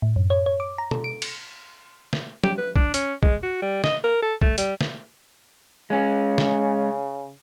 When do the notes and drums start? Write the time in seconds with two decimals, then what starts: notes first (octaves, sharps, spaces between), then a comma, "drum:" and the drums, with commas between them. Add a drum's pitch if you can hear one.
0.02 A2
0.16 F#2
0.30 C#5
0.46 C#5
0.60 D6
0.78 A#5
0.91 A4, drum: tom B2
1.04 D7
1.22 C#7, drum: cymbal
2.13 drum: snare
2.44 G4, drum: tom
2.58 B4
2.76 D4, drum: kick
2.94 C#4, drum: hi-hat
3.23 G#3, drum: kick
3.43 F#4
3.62 G3
3.84 D#5, drum: snare
4.04 A#4
4.22 A4
4.42 A3, drum: kick
4.58 G3, drum: hi-hat
4.81 drum: snare
5.90 C#3 G#3 C#4
6.38 drum: snare